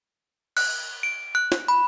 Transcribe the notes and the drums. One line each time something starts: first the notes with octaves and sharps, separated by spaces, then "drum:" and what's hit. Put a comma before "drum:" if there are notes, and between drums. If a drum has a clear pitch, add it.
F#6, drum: cymbal
D7
F#6
drum: snare
B5